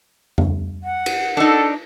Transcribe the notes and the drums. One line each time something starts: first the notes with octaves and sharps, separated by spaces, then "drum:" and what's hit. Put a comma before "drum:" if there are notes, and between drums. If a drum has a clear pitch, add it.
drum: tom F2
F#5
drum: cymbal
D4 D#4 A4